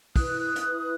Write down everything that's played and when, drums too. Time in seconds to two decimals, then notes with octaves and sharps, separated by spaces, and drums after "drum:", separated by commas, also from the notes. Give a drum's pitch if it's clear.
0.16 E4 B4 D#6 F#6, drum: kick, open hi-hat
0.56 drum: hi-hat